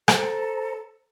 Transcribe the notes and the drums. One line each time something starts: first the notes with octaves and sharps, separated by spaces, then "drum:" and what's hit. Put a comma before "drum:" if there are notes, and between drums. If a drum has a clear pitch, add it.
A4 C5 A#5, drum: rim click